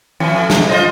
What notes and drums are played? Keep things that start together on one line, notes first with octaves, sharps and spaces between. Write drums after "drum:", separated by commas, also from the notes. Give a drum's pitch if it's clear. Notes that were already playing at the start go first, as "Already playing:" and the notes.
F2 A2 E3
drum: snare
F4 C5 D#5